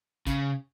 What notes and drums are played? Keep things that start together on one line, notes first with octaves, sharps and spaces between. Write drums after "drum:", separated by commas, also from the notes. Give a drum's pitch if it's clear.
C#3, drum: kick, hi-hat